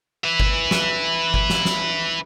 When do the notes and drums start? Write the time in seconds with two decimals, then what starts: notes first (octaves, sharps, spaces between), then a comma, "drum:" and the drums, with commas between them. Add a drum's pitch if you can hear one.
0.24 B4 E5
0.40 drum: kick G1
0.71 drum: snare
1.34 drum: kick G1
1.50 drum: snare
1.65 drum: snare